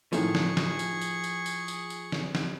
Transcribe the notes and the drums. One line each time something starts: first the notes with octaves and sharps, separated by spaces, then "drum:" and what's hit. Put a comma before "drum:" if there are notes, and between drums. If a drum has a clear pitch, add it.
A2 D#3 F3 A3 G#4 C#6, drum: tambourine
drum: snare
drum: snare
drum: tambourine
drum: tambourine
drum: tambourine
drum: tambourine
drum: tambourine
drum: tambourine
drum: snare
drum: snare